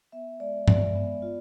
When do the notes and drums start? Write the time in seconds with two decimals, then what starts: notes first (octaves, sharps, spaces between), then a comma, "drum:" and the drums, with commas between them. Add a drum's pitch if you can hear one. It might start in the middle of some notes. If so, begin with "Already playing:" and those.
0.12 B3 E5
0.40 G#3 D5
0.68 G#3 D5, drum: tom G2
0.95 B3
1.22 F4